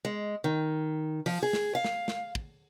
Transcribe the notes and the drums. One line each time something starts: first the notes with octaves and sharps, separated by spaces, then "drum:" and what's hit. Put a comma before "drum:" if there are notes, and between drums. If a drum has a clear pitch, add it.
G#3
D#3
F3, drum: open hi-hat
G#4
drum: snare
F5
drum: snare
drum: snare
drum: kick